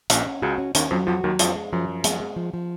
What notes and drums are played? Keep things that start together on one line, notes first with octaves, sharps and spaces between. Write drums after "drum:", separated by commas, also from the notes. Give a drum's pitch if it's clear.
A#1 A#2 C#4, drum: hi-hat
C#4
C#2 C#3 F#4
C#4
D#2 D#3 C#4, drum: hi-hat
F2 F3 F#3
F2 F3 F#4
D#2 D#3 F#3
F2 F3 G#3, drum: hi-hat
G#3
F#2 F3
F3
G#3, drum: hi-hat
G#3
F3
F3